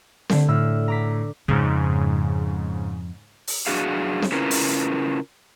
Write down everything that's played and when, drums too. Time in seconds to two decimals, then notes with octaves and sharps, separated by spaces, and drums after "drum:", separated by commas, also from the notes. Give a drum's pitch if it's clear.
0.30 D3 A3, drum: snare C4
0.49 A2 E6 F6
0.88 A#5 D6 B6
1.48 F2 G#2 C#3
3.47 drum: open hi-hat
3.67 F#2 D4 F#4 G#4 F5
4.22 drum: snare C4
4.32 C#3 C#4 E4 F4 A#4 B4
4.51 drum: open hi-hat